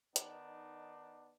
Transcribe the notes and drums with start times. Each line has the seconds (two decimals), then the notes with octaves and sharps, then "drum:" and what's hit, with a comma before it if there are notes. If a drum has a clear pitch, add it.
0.16 D#3 B3 D4 D#4, drum: hi-hat